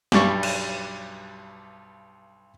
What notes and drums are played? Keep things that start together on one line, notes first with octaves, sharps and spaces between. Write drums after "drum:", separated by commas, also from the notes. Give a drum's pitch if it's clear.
B1 G2 G3 C#6, drum: snare
drum: cymbal